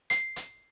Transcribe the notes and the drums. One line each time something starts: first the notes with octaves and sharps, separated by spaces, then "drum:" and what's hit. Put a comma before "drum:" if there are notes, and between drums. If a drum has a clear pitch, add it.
C7, drum: hi-hat
drum: hi-hat